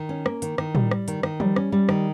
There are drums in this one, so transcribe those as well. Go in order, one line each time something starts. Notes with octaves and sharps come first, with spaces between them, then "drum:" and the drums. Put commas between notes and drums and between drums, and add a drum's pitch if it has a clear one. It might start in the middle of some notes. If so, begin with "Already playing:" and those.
Already playing: D#3
C#4
A#3, drum: rim click
D#3, drum: hi-hat
D#3, drum: rim click
G3, drum: tom A2
G3, drum: rim click
D#3, drum: hi-hat
D#3, drum: rim click
G3, drum: tom E3
C#4, drum: rim click
G3
D#3, drum: rim click